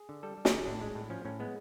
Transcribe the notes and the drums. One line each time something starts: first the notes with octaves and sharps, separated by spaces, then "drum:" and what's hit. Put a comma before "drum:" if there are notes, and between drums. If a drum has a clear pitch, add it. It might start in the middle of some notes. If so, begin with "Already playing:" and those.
Already playing: G#4
D3
G3 A4
G3
G#4, drum: snare
D3
A2 D4
G#3
A2
F3 C#4
A2 C#4
G#3 B3